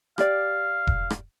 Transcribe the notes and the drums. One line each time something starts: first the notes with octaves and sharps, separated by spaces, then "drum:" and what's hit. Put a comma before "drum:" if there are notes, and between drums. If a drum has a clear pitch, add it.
G4 D5 F5, drum: rim click
drum: kick E1
drum: rim click